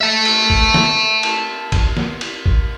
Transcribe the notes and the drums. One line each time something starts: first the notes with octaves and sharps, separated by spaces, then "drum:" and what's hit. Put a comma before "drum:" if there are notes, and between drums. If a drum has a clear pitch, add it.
E5 A5
drum: cymbal
drum: kick G#1
drum: snare
drum: cymbal
drum: kick G#1, cymbal
drum: snare
drum: cymbal
drum: kick G#1